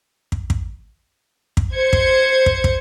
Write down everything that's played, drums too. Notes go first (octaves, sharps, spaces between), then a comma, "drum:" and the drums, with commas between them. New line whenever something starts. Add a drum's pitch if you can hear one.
drum: kick
drum: kick
drum: kick
C5 G#6 C#7
drum: kick
drum: kick
drum: kick